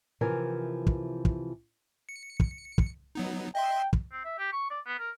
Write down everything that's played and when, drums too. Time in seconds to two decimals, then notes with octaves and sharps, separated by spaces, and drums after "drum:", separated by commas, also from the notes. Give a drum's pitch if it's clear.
0.21 C3 E3 F3 A#4 G#5
0.87 drum: kick
1.25 drum: kick
2.09 C#7
2.40 drum: kick
2.78 drum: kick
3.15 F#3 B3 D#4
3.55 D#5 E5 G5 C6
3.93 drum: kick
4.12 C4
4.25 E5
4.38 G4
4.53 C#6
4.70 D5
4.86 B3
4.99 A#4